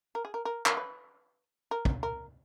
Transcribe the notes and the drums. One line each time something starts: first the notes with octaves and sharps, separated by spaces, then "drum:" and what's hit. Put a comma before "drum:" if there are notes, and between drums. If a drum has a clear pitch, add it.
A#4
G#4
A#4
A#4
A#4, drum: clap
B4
A#4
drum: kick
A#4